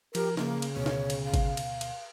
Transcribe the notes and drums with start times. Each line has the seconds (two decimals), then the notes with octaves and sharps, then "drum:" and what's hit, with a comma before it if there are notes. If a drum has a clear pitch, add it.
0.15 F3 G4 A#4, drum: cymbal
0.37 C#3 A#3, drum: snare
0.62 drum: cymbal
0.76 D2 B2 C#5
0.86 drum: snare
1.10 drum: cymbal
1.24 F5
1.34 drum: kick G#1, cymbal
1.57 drum: cymbal
1.81 drum: cymbal